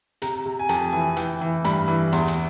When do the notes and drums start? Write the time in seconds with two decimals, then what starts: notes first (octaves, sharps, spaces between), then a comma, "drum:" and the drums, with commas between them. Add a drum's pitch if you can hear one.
0.22 C3 A#5, drum: hi-hat
0.46 C3
0.59 G#5
0.69 F2 A5, drum: hi-hat
0.93 E3 G#5
1.17 E3 G5, drum: hi-hat
1.41 E3
1.65 G2 B5, drum: hi-hat
1.88 E3
2.12 E2 C6, drum: hi-hat
2.28 drum: hi-hat